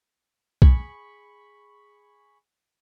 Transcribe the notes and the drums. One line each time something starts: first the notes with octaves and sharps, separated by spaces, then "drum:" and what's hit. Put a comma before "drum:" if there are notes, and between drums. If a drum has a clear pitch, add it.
G#4 B5 C#6, drum: kick